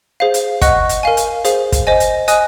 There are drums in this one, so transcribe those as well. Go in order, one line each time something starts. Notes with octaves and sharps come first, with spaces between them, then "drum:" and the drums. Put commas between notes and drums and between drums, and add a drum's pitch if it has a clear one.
G#4 C5 F5
drum: hi-hat
D#5 F#5 C#6 F#6, drum: kick, hi-hat
drum: hi-hat
A#4 F5 G#5
drum: hi-hat
G#4 C5 F5, drum: hi-hat
drum: kick, hi-hat
C5 D#5 G#5
drum: hi-hat
D#5 G#5 D#6 F#6, drum: hi-hat